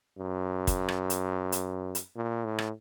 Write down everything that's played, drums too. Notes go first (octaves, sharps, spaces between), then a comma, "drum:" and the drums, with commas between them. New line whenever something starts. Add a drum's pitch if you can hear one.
F#2
drum: kick, hi-hat
drum: rim click
drum: hi-hat
drum: hi-hat
drum: hi-hat
A#2
A2
drum: rim click